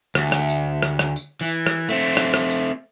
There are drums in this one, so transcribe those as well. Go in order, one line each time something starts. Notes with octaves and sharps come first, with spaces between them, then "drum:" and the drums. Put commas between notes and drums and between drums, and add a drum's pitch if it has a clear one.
D2, drum: rim click
drum: rim click
drum: tambourine
drum: rim click
drum: rim click
drum: tambourine
E3
drum: rim click
A3 C4
drum: rim click
drum: rim click
drum: tambourine